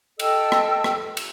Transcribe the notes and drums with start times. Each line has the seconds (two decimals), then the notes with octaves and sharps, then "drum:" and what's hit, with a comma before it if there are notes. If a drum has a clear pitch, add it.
0.19 A4 D#5 G5 E6, drum: cymbal
0.52 drum: rim click
0.84 drum: rim click
1.17 drum: cymbal